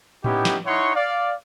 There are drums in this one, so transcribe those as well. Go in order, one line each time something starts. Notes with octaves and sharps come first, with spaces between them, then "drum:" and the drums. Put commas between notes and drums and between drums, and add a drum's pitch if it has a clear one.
B3 C#4 D#4 E4 G4, drum: tom A2
drum: snare
D#4 E4 C#5 F#5 C6 C#6
D5 F5